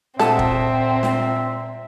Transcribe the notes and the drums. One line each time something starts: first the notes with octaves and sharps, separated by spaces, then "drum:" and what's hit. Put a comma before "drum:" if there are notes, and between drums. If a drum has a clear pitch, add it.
A#2 C4 A4 E5 F#5 A5 D#6, drum: snare
drum: kick
drum: snare